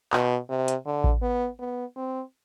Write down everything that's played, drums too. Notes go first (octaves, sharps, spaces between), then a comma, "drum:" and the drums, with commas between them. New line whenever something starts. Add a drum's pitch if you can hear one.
B2, drum: clap
C3
drum: hi-hat
D3
drum: kick A1
B3
B3
C4